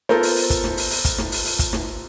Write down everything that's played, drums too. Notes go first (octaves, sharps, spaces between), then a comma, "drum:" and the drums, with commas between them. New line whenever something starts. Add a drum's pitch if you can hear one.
B3 F4 A4 A#4 C5, drum: snare
drum: open hi-hat
drum: open hi-hat
drum: kick, hi-hat
drum: snare
drum: open hi-hat
drum: open hi-hat
drum: kick, hi-hat
drum: snare
drum: open hi-hat
drum: open hi-hat
drum: kick, hi-hat
drum: snare